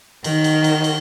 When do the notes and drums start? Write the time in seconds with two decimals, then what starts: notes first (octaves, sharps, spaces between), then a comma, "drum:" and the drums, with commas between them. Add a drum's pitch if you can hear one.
0.24 D#3, drum: cymbal
0.44 drum: cymbal
0.64 drum: cymbal
0.84 drum: cymbal